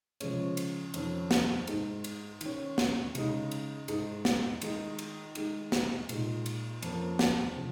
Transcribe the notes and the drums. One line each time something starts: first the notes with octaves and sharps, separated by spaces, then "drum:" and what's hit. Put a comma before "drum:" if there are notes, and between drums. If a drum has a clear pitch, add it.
C#3 F3 G#3 C#4, drum: cymbal
drum: cymbal
F2 D#3 C#4, drum: cymbal
drum: snare
G#2 G#3 D#4, drum: cymbal
drum: cymbal
D#3 C#4, drum: cymbal
drum: snare
C#3 G#3 D#4, drum: cymbal
drum: cymbal
G#2 G#3 D#4, drum: cymbal
drum: snare
D#3 G#3 D#4, drum: cymbal
drum: cymbal
D#3 G#3 D#4, drum: cymbal
drum: snare
A#2 G#3 D#4, drum: cymbal
drum: cymbal
F2 F3 A#3 C#4, drum: cymbal
drum: snare
C#3 F3